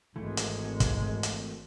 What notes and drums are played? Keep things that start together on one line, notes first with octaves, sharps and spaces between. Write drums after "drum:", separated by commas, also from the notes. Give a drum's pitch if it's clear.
G#1 E3 G#3 A3
drum: hi-hat
drum: kick, hi-hat
drum: hi-hat